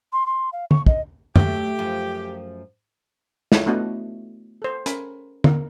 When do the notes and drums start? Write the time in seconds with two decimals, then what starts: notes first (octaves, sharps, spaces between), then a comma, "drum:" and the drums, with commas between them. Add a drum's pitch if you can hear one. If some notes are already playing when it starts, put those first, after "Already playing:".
0.13 C6
0.26 C6
0.53 F5
0.71 C#6, drum: tom
0.86 D#5, drum: kick
1.36 F#3 A3 G4, drum: tom F#2
1.79 F#2 F3
3.52 E4 F4 C#5, drum: snare
3.66 A3 B3 D4 F#4 D#5
4.62 A4 C5
4.86 C#4 A#4 G#5 B5, drum: hi-hat
5.44 A#4, drum: tom